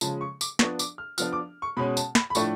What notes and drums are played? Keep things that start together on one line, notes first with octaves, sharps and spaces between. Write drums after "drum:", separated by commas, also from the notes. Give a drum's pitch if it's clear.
C#3 F3 G#3 A5, drum: tambourine
C#6
D6, drum: tambourine
F3 B3 D4 C#6, drum: snare
D6, drum: tambourine
F6
F3 B3 D4 F6, drum: tambourine
D6
C#6
B2 G#3 C#4 B5
A5, drum: tambourine
B5, drum: snare
B5
A2 F3 A3 D4 C#6, drum: tambourine